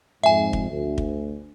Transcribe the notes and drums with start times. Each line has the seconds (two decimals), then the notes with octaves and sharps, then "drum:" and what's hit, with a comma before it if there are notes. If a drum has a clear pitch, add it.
0.24 F2 G#2 E5 G#5
0.53 drum: kick
0.70 D2
0.98 drum: kick